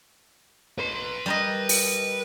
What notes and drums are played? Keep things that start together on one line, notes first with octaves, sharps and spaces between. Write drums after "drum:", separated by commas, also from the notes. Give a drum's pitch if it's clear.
B4 C6
G3 A#4 D#5
drum: open hi-hat